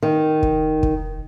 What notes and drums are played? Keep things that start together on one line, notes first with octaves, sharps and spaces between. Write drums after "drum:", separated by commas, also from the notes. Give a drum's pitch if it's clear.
D#3
drum: kick
drum: kick